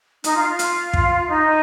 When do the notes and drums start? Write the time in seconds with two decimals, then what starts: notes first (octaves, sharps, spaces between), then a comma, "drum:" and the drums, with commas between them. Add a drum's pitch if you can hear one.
0.24 D#4, drum: hi-hat
0.35 F4
0.48 F4
0.59 drum: hi-hat
0.93 drum: kick
1.28 D#4